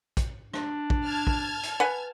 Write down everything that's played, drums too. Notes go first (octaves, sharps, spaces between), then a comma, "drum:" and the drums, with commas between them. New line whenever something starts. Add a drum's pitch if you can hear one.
drum: kick, hi-hat
D4, drum: rim click
drum: kick
A5 F6 G#6
drum: kick
drum: hi-hat
B4 F#5 G#5